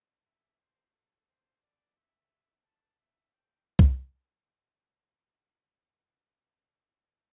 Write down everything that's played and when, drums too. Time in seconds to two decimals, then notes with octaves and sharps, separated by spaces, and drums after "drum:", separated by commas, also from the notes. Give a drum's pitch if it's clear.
0.24 E5
0.59 C5
0.93 A4
1.28 C5
1.62 D5
1.97 E5
2.64 A5
2.99 E5
3.33 G5
3.79 drum: kick C2